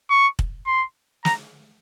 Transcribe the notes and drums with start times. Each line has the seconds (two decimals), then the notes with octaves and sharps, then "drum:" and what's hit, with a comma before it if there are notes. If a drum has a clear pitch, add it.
0.10 C#6
0.39 drum: kick
0.67 C6
1.25 A#5, drum: snare